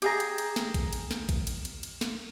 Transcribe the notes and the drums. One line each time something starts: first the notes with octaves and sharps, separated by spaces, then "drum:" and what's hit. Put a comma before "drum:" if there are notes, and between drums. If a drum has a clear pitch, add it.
G4 G#4 A#5, drum: cymbal
drum: cymbal
drum: cymbal
drum: snare
drum: kick A1, cymbal
drum: cymbal
drum: snare
drum: kick A1, cymbal
drum: cymbal
drum: cymbal
drum: cymbal
drum: snare